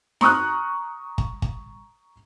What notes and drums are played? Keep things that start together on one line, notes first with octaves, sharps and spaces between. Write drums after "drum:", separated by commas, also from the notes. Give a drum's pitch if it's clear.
A#5 C#6 D#6 F6 F#6, drum: snare D#4
drum: kick
drum: kick